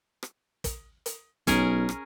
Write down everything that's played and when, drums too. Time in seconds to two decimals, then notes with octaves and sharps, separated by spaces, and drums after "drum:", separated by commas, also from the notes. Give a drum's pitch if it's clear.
0.23 drum: rim click
0.64 drum: kick, hi-hat
1.06 drum: hi-hat
1.47 B1 C#4 G#4 A#4, drum: kick, hi-hat
1.89 drum: rim click